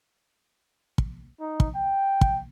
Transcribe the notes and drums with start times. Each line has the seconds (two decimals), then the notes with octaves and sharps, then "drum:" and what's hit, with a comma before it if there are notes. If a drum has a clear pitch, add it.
0.98 drum: kick
1.40 D#4
1.60 drum: kick
1.75 G5
2.21 drum: kick